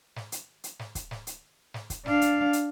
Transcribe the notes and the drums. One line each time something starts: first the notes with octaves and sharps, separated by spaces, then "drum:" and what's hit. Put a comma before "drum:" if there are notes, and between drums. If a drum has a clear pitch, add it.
drum: snare
drum: hi-hat
drum: hi-hat
drum: snare
drum: kick, hi-hat
drum: snare
drum: hi-hat
drum: snare
drum: kick, hi-hat
D4 F5, drum: snare
drum: hi-hat
drum: hi-hat